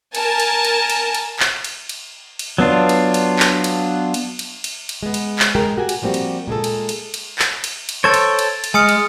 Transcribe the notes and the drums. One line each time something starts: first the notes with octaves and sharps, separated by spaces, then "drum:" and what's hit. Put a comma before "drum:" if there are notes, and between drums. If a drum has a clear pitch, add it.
A#4 G#5 A5, drum: cymbal
drum: cymbal
drum: cymbal
drum: cymbal
drum: cymbal
drum: clap
drum: cymbal
drum: cymbal
drum: cymbal
F#3 B3 D4 F4
drum: cymbal
drum: cymbal
drum: clap
drum: cymbal
drum: cymbal
drum: cymbal
drum: cymbal
drum: cymbal
G#3 B3
drum: cymbal
drum: clap
G#3 G#4 A#4 G5
F#4 G4 G#5
drum: cymbal
F3 G3 A#3 C4 F#4 G4
drum: cymbal
A#2 G#3 G#4 A4
drum: cymbal
drum: cymbal
drum: cymbal
drum: clap
drum: cymbal
drum: cymbal
A4 C5 C#5 A6 D7
drum: cymbal
drum: cymbal
drum: cymbal
G#3 G#5 D#6 F6 C#7
drum: cymbal